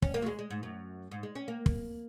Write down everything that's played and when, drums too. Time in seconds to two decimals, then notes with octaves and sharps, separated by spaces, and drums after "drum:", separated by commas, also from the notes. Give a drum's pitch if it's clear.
0.02 C#4, drum: kick
0.14 A#3
0.22 F#3
0.26 G#3
0.39 G#3
0.50 G#2
0.63 F#2
1.11 G#2
1.23 G#3
1.35 C#4
1.48 A#3
1.66 drum: kick